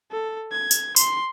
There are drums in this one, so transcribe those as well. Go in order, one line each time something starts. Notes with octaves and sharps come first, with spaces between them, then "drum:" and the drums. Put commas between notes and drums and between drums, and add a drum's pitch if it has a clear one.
A4
G#6
drum: tambourine
C6, drum: tambourine